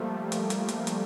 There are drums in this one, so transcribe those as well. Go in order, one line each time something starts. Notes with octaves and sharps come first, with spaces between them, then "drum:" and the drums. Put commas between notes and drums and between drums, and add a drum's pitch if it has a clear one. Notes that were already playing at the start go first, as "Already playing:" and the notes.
Already playing: F3 G3 A3 A#3
drum: hi-hat
drum: hi-hat
drum: hi-hat
drum: hi-hat